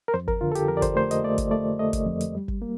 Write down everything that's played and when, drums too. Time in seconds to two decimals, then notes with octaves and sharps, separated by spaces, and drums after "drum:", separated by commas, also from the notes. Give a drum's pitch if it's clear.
0.08 A#4
0.14 F2 C5
0.28 A#4, drum: kick
0.41 D3 F4
0.52 A4
0.55 G4, drum: hi-hat
0.68 F2 A#4
0.77 D5
0.82 C5, drum: kick, hi-hat
0.96 A3 C5
1.11 D#5, drum: hi-hat
1.24 A3 D5
1.38 drum: kick, hi-hat
1.51 A3 D5
1.79 A3 D#5
1.93 drum: kick, hi-hat
2.07 F2
2.21 drum: hi-hat
2.35 G3
2.48 drum: kick
2.62 A#3